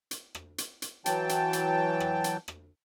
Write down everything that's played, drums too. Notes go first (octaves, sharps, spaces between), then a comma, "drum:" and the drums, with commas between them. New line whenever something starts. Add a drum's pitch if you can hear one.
drum: hi-hat
drum: rim click
drum: hi-hat
drum: hi-hat
E3 F#3 G5 A5, drum: hi-hat
drum: hi-hat
drum: hi-hat
drum: rim click
drum: hi-hat
drum: rim click